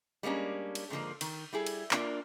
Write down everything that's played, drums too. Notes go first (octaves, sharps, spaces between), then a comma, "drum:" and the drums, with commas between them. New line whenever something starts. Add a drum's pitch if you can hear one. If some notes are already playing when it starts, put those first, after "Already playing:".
G3 G#3 A#3 C#4 D4
drum: cymbal
G#2 D3 F3 A#3
D#3, drum: cymbal
G3 E4 G#4
drum: cymbal
A#3 D4 F4, drum: clap